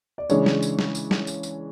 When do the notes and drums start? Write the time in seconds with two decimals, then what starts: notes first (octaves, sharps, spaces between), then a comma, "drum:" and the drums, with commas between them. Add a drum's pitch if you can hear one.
0.18 D5
0.30 C#3 E3 G#3 D4 C#5, drum: tambourine
0.46 drum: snare
0.62 drum: tambourine
0.79 drum: snare
0.95 drum: tambourine
1.11 drum: snare
1.27 drum: tambourine
1.43 drum: tambourine